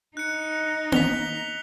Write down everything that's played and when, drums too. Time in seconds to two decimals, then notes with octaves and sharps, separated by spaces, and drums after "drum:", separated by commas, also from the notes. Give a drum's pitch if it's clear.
0.17 D#4 F#6 C#7
0.92 B6 F7 G7, drum: tom A#3